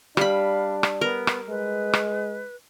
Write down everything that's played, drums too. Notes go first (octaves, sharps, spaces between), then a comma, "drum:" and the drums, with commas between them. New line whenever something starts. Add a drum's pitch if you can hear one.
G3 D4 F5 B5, drum: rim click
drum: rim click
B3 A#4
drum: rim click
G#3 B4
drum: rim click